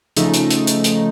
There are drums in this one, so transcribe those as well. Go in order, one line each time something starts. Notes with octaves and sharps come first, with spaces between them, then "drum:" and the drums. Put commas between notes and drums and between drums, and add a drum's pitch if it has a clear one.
C#3 F3 A3 D#4, drum: hi-hat
drum: hi-hat
drum: hi-hat
drum: hi-hat
drum: hi-hat